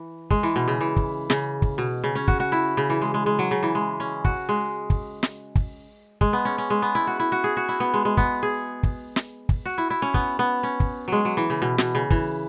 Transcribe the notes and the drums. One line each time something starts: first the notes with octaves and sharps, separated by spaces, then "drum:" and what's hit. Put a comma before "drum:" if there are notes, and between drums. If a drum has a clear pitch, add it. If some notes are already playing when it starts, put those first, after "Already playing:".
Already playing: E3
G#3, drum: kick
E3
B2
C#3
E3
drum: kick
C#3, drum: snare
drum: kick
B2
C#3
C#4
F#4, drum: kick
F#4
E4
C#3
E3
G#3
G#3
G#3
F#3
C#3
E3
G#3
C#4
F#4, drum: kick
G#3
drum: kick
drum: snare
drum: kick
G#3, drum: kick
B3
C#4
C#4
G#3
B3
E4
F#4
E4
F#4
G#4
F#4
E4
B3
G#3
G#3
B3, drum: kick
G#4
drum: kick
drum: snare
drum: kick
F#4
E4
E4
C#4
B3, drum: kick
B3
C#4
drum: kick
F#3 G#3
F#3
E3
C#3
B2
B2, drum: snare
C#3
E3, drum: kick